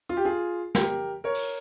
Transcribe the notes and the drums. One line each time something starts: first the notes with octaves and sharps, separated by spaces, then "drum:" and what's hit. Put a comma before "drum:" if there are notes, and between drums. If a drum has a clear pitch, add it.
F4
G4
F4 G#4
G4 A#4, drum: snare
A#4 C#5
drum: open hi-hat